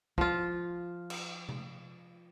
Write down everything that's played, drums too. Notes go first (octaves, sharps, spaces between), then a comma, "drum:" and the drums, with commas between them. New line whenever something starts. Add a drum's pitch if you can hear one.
F3 F4, drum: kick
drum: cymbal
drum: tom C3